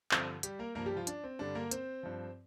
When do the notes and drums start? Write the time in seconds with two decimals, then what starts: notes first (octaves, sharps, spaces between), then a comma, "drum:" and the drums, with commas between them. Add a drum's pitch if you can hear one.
0.11 G2 D3 F3 C4, drum: clap
0.43 G3 G4, drum: hi-hat
0.59 A#3 A#4
0.75 G2 F3 A#3 A#4
0.86 G3 G4
0.96 F3 F4
1.07 D4, drum: hi-hat
1.24 C4
1.39 G2 D3 G3 D4
1.55 A#3 A#4
1.71 C4 C5, drum: hi-hat
2.03 G2 F3